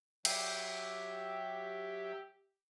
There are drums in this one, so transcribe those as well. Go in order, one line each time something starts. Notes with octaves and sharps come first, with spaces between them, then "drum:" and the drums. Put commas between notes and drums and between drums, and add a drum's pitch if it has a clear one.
F#3 G4 E5, drum: cymbal